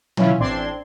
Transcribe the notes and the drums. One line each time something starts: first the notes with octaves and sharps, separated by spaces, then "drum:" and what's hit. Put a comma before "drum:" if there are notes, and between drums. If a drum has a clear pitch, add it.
B2 F#3 C#4 E4 F4, drum: tom
A1 C4 D4 C6 G#6